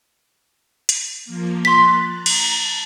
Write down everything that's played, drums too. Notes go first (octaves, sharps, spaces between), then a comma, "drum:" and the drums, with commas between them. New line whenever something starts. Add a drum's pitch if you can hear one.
drum: hi-hat
F3 A#3
C6 F#6 A6 B6
A#5
drum: cymbal
A5